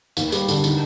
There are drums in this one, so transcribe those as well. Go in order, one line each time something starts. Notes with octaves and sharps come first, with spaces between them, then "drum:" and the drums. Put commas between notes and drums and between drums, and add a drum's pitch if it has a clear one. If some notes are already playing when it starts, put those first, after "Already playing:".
D#2, drum: tambourine
G3, drum: tambourine
D3, drum: tambourine
D#3, drum: tambourine